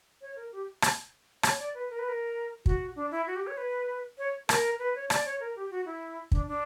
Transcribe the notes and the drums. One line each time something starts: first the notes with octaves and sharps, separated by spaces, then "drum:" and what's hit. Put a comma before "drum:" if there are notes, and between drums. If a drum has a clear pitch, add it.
C#5
A#4
G4
drum: rim click
C#5, drum: rim click
D5
B4
A#4
B4
A#4
F#4, drum: kick
D4
E4
F#4
G4
C#5
B4
C#5
A#4, drum: rim click
B4
C#5
D5, drum: rim click
C#5
A#4
G4
F#4
E4
D4, drum: kick
D4